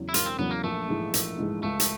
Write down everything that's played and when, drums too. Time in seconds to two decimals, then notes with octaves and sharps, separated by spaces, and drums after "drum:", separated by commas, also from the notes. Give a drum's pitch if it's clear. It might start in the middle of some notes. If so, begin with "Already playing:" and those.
Already playing: E2 C#3 F#3
0.09 E4
0.14 E1 F4, drum: hi-hat
0.26 C4
0.38 E2 C#3 F#3 B3
0.51 A#3
0.64 A#1 A3
0.88 G#2 E3 G#3
1.14 A#1, drum: hi-hat
1.38 G#2 E3 G#3
1.63 C#2 A3
1.80 drum: hi-hat